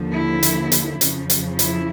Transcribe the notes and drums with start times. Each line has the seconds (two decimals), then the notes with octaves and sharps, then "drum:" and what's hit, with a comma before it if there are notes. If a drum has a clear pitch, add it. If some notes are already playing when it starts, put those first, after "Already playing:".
Already playing: D#2 D3 F3
0.13 E4
0.43 drum: hi-hat
0.72 drum: hi-hat
1.01 F2 C#3 F3, drum: hi-hat
1.30 drum: hi-hat
1.59 E4, drum: hi-hat